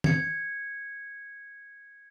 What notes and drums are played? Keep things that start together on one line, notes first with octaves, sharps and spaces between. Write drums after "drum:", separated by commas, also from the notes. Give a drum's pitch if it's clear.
G#6 C#7, drum: tom